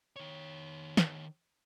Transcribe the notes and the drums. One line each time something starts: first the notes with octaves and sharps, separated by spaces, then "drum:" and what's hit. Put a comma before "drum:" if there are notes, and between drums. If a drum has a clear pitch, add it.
D#3 C#5
drum: snare